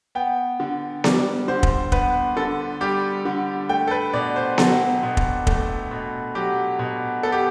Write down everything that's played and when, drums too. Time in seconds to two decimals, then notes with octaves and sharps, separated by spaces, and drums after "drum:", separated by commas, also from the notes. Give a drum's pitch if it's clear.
0.15 B3 G5
0.60 D3
1.04 G3 D5, drum: snare B3
1.48 D3 C5
1.63 drum: kick
1.92 B3 B4, drum: kick
2.37 D3 A4
2.81 G3 G4
3.25 D3
3.69 A3 G5
3.87 A4
3.91 B4
4.13 B2 D5
4.36 C5
4.58 F#3 A4, drum: snare B3
5.03 B2
5.17 drum: kick
5.47 A3, drum: kick
5.91 B2
6.35 F#3 G4
6.79 B2
7.23 B3 A4
7.32 G4